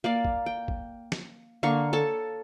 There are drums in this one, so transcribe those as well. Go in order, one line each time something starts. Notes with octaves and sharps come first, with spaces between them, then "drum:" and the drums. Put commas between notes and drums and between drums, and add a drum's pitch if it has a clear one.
A#3 D5 F5
drum: kick
G5
drum: kick
drum: snare
D3 A#3 F5 C#6
A4 C#5 A5